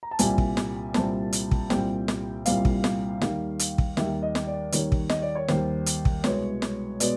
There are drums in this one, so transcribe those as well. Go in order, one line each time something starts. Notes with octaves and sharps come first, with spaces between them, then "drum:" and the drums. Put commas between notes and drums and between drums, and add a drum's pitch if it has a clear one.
A#5
A5
C2 A#2 G3 C4 G#5, drum: hi-hat
drum: kick
drum: snare
C2 A#2 G3 C4 A5, drum: snare
drum: hi-hat
drum: kick
C2 A#2 G3 C4 G5, drum: snare
drum: snare
C2 A#2 G3 C4 F5, drum: hi-hat
drum: kick
drum: snare
D#2 D#3 G3, drum: snare
drum: hi-hat
drum: kick
D#2 D#3 G3 E5, drum: snare
D#5
drum: snare
D5
D#2 D#3 G3 C#5, drum: hi-hat
drum: kick
D#5, drum: snare
D5
C#5
D#2 D#3 G3 C5, drum: snare
drum: hi-hat
drum: kick
C2 B2 G#3 B3 C#5, drum: snare
drum: snare
B2 G#3 B3 D5, drum: hi-hat